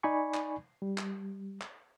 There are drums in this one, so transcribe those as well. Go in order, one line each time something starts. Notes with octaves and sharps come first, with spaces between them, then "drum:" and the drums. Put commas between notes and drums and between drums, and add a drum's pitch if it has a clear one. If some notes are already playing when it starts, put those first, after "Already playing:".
D#4 D5 G#5 B5 C#6
drum: clap
G3
drum: clap
drum: clap